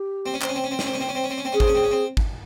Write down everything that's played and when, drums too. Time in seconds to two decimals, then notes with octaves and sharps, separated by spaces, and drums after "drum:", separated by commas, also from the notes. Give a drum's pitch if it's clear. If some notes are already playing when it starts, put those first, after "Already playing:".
Already playing: G4
0.26 C4
0.34 C#4
0.42 C4, drum: clap
0.49 C#4
0.56 C4
0.64 C#4
0.71 C4
0.79 C#4, drum: snare
0.86 C4
0.93 C#4
1.00 C4
1.09 C#4
1.15 C4
1.24 C#4
1.30 C4
1.38 C#4
1.45 C4
1.52 C#4 G#4
1.60 C4, drum: kick G#1
1.67 C#4
1.75 C4
1.83 C#4
1.91 C4
2.17 drum: kick G#1